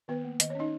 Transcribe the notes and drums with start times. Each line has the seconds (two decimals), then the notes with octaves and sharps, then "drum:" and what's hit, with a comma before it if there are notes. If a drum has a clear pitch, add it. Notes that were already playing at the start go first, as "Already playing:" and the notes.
0.08 D#3 B3 B4
0.24 A#3
0.40 D#3 D#5, drum: hi-hat
0.50 C#5
0.55 C#4 D#4 D#5